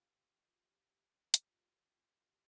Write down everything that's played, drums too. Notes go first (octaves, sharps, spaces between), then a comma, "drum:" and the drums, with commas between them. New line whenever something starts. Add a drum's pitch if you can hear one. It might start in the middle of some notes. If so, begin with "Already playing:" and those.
Already playing: F4 G4
G4
drum: hi-hat
F4